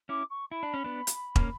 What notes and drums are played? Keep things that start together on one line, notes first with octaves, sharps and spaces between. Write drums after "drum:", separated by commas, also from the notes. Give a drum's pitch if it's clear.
C#4 E4 D6
C#6
E4 B5
D4
C#4
B3 D4
drum: hi-hat
A#3 C#4, drum: kick